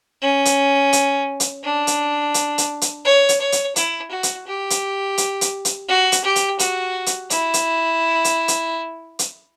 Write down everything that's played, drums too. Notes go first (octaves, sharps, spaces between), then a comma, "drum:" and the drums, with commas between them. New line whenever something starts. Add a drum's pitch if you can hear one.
C#4
drum: hi-hat
drum: hi-hat
drum: hi-hat
D4
drum: hi-hat
drum: hi-hat
drum: hi-hat
drum: hi-hat
C#5
drum: hi-hat
C#5
drum: hi-hat
E4, drum: hi-hat
F#4
drum: hi-hat
G4
drum: hi-hat
drum: hi-hat
drum: hi-hat
drum: hi-hat
F#4
drum: hi-hat
G4
drum: hi-hat
F#4, drum: hi-hat
drum: hi-hat
E4, drum: hi-hat
drum: hi-hat
drum: hi-hat
drum: hi-hat
drum: hi-hat